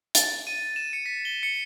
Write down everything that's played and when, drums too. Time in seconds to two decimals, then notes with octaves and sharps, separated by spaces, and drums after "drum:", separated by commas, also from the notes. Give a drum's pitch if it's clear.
0.15 A6, drum: hi-hat
0.47 D#7
0.76 E7
0.93 C#7
1.06 B6
1.25 G7
1.43 C#7